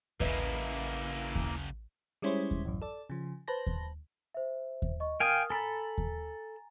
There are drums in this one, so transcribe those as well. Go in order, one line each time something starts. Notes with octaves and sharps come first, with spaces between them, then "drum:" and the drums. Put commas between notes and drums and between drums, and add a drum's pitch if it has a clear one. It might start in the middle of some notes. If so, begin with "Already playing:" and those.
A1 F#2 C#3 A#3 E4 B4 D#5 E5, drum: kick D#2
drum: kick D#2
G3 G#3 C#4 E4 C5 C#5
drum: kick D#2
A1 F#2
A4 D5
C#3 F3
B4 C5 A5 A#6
drum: kick D#2
C5 E5
drum: kick D#2
D#5 C#6
A#4 F5 G5 G#5 D#6 F6
A4 G#5 A#5 B5 A6
drum: kick D#2